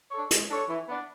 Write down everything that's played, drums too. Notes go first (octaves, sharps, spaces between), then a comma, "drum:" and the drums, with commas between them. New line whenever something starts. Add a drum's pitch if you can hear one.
D4 A4 C#5
G#3, drum: hi-hat
D4 A4 C#5
E3
B3 D4